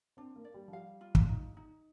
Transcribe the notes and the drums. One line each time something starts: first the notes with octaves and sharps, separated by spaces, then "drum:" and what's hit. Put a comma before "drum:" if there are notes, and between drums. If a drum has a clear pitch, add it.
C4 D4
A#3
D5
G3
F3
G3 F5
F4
drum: kick
D#4
D#4